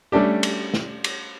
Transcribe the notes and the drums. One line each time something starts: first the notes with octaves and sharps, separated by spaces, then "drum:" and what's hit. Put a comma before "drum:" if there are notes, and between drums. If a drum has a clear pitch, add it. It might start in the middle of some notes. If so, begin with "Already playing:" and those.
G3 A3 C#4 D4 G4
drum: cymbal
drum: snare
drum: cymbal